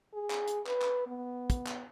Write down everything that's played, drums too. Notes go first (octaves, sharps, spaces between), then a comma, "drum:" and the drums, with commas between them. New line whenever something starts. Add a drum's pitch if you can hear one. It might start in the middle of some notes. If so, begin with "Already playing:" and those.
G#4
drum: clap
drum: hi-hat
B4, drum: clap
drum: clap
B3
drum: kick, hi-hat
drum: clap